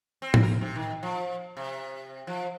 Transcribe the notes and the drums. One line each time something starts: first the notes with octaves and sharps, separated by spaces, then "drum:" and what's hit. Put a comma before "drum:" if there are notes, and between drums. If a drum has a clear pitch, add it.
C4
drum: tom A2
A#4
C3
D#3
F3
C3
F3